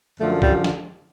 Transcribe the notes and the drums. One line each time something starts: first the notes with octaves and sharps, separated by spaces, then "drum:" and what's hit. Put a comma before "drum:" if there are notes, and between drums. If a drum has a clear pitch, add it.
F#2 D3 F3 A3
G3, drum: kick C2
drum: snare